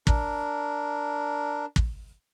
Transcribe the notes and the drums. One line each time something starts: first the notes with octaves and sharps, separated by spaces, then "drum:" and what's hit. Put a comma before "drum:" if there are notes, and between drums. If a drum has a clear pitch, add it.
D4 A#4, drum: kick
drum: kick